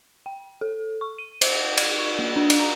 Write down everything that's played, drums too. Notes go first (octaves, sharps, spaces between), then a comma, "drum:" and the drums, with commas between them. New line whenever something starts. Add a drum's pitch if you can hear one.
G5
A4
C#6
D#7
C5, drum: cymbal
G#6, drum: cymbal
C#6
A#3
D4
drum: cymbal
A#5